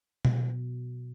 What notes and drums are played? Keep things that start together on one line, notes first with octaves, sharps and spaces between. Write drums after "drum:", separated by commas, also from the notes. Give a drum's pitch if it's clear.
B2, drum: tom B2